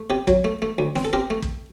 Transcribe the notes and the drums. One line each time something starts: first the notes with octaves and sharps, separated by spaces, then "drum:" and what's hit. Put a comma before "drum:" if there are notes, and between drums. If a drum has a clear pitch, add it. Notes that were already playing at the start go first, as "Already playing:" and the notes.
Already playing: A3
C3 G4
F#3, drum: kick
A3
A3
D2
C4, drum: snare
A4
C4 G4 A#4
A3
drum: kick